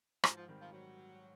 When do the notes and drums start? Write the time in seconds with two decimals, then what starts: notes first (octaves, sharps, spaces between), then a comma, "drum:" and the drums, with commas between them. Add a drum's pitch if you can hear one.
0.24 G#2 F3, drum: rim click
0.36 F3
0.48 D#3 G3 C4
0.60 F3
0.72 F#3